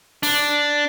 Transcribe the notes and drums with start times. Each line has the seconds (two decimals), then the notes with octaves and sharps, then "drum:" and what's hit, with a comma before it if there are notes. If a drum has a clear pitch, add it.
0.23 D4, drum: open hi-hat